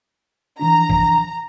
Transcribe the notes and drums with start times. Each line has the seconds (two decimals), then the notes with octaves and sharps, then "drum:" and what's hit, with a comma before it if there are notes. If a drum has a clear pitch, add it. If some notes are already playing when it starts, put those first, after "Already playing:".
0.60 E3 F3 D4 A#5
0.89 drum: kick A1